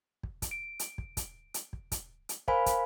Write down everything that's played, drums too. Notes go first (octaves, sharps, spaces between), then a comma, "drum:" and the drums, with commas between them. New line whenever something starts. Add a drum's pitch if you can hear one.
drum: kick
drum: kick, hi-hat
D7
drum: hi-hat
drum: kick
drum: kick, hi-hat
drum: hi-hat
drum: kick
drum: kick, hi-hat
drum: hi-hat
A#4 C5 F5 G#5 B5, drum: kick
drum: kick, hi-hat